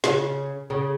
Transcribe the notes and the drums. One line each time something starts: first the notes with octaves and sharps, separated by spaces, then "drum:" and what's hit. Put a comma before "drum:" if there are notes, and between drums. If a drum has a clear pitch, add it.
C#3, drum: snare
C#3